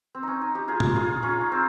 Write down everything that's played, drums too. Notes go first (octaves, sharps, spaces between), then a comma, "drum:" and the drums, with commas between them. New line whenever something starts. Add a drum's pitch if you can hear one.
C4
C#4 D#4
D#4
D#4 G4
F4 G#4
drum: tom
F4 G#4
C#4 F4
D#4
C4